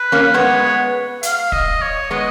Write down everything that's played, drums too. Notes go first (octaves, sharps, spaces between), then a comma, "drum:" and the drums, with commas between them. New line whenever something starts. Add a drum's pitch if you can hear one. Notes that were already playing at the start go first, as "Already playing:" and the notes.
Already playing: B4
A#3 C#4
G#3 B3 C#5
F5, drum: hi-hat
D#5, drum: kick
C#5
G#3 B3 D#5